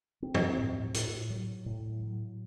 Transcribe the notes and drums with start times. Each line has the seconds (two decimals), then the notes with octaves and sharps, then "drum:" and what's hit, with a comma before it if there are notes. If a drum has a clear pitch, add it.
0.22 C4
0.34 drum: tom
0.59 A2
0.94 A2, drum: hi-hat
1.30 F#3
1.66 A2
2.02 F#3